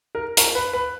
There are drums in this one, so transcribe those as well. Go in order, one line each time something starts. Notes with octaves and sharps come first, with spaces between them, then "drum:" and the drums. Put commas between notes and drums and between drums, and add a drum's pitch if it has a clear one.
A#4
A#4, drum: hi-hat
B4
B4